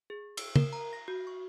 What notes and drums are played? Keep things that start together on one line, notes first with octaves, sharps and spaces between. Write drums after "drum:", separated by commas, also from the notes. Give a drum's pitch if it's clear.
G#4
E6, drum: cymbal
A#4, drum: tom
A#5
A#6
F#4
C#6